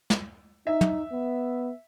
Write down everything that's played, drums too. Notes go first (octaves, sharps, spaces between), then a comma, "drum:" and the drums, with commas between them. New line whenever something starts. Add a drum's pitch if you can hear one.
drum: snare
D#4 E5
drum: tom
B3